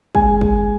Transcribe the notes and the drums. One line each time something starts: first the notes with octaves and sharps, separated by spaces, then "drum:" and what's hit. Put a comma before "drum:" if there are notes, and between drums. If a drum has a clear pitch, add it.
G#3 G#5, drum: kick
drum: kick